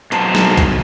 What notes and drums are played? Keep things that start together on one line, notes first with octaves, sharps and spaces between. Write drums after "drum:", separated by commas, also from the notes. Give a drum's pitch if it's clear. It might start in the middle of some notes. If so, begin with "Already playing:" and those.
B2 F#3 C5 A5, drum: hi-hat
drum: snare
drum: kick C2, hi-hat